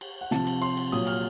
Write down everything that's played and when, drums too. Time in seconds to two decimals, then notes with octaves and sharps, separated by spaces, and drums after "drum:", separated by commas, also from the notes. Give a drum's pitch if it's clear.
0.01 drum: cymbal
0.21 F#5
0.31 C3 F3 A5, drum: snare
0.47 drum: cymbal
0.62 C6, drum: cymbal
0.77 drum: cymbal
0.92 A#2 F#3 D#6, drum: cymbal
1.07 F6, drum: cymbal